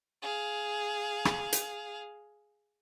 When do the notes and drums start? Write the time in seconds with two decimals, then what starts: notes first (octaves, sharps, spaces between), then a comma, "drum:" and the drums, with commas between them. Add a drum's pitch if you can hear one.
0.22 G#4 F5
1.25 drum: rim click
1.53 drum: hi-hat